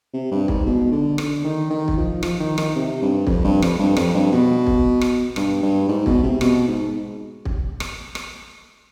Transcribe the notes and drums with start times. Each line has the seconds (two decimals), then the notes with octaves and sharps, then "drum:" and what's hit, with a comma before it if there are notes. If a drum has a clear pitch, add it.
0.14 C3
0.31 G2
0.48 G#2, drum: kick
0.66 B2
0.91 D3
1.18 D3, drum: rim click
1.44 D#3
1.70 D#3
1.88 drum: kick
1.97 F3
2.23 F3, drum: rim click
2.40 D#3
2.58 D#3, drum: rim click
2.75 C3
3.02 G2
3.27 F2, drum: kick
3.44 G2
3.62 F2, drum: rim click
3.79 G2
3.97 F2, drum: rim click
4.14 G2
4.32 B2
4.67 drum: kick
5.01 drum: rim click
5.36 G2, drum: rim click
5.62 G2
5.88 G#2
6.06 B2, drum: kick
6.23 C3
6.41 B2, drum: rim click
6.68 G#2
7.45 drum: kick
7.80 drum: rim click
8.15 drum: rim click